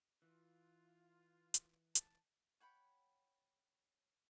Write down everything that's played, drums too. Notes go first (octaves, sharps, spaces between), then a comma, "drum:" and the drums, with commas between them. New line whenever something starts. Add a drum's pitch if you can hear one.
E3 F4
drum: hi-hat
A5, drum: hi-hat
C#5 F#5 G5 B5